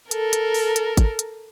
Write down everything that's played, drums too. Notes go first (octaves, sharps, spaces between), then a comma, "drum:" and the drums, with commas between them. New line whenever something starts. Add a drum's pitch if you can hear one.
A4 A#4, drum: hi-hat
drum: hi-hat
drum: open hi-hat
drum: hi-hat
drum: kick G#1, hi-hat
drum: hi-hat